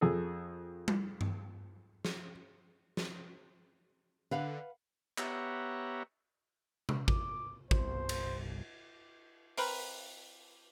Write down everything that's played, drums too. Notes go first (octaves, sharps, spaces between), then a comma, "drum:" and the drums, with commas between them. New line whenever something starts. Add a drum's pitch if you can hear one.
F2 G#4 A4
drum: tom G3
drum: tom G2
drum: snare
drum: snare
D3 B4 F5 F#5
B3 G4 C#5 E5 F#5 A#5, drum: clap
drum: tom C3
D6, drum: kick
G1 C2 C5, drum: kick
drum: cymbal
C4 A#4 B4, drum: open hi-hat